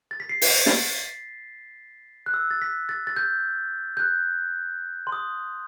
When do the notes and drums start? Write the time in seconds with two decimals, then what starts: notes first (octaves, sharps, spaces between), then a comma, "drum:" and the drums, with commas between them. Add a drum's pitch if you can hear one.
0.11 A6
0.20 B6
0.29 C7
0.42 C7, drum: open hi-hat
0.47 B6
0.66 A6, drum: snare
2.26 F#6
2.34 E6
2.51 A6
2.62 B6
2.89 A6
3.07 A6
3.16 G6
3.97 G6
4.00 F#6
5.07 C6
5.12 D#6